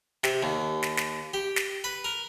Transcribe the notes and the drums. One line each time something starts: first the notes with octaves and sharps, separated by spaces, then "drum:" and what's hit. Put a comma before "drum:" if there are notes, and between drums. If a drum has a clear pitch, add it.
C3, drum: snare
D#2
drum: snare
drum: snare
G4
drum: snare
B4
A#4